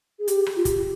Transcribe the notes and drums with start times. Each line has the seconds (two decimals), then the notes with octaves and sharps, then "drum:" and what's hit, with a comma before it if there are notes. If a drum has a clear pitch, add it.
0.19 G#4
0.28 G4, drum: hi-hat
0.46 drum: rim click
0.56 F4
0.65 G4, drum: kick, hi-hat